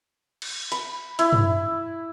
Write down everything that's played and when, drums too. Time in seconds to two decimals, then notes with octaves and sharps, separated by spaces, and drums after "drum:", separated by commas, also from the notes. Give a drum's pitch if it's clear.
0.42 drum: cymbal
0.72 B5, drum: hi-hat
1.19 E4, drum: hi-hat
1.33 drum: tom